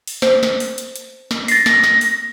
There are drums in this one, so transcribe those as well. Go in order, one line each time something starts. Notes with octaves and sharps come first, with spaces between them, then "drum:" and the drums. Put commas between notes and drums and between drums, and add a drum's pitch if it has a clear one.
drum: open hi-hat
C5, drum: snare
drum: snare
drum: open hi-hat
drum: hi-hat
drum: hi-hat
drum: snare
A6 A#6 C7, drum: open hi-hat
drum: snare
drum: snare
drum: open hi-hat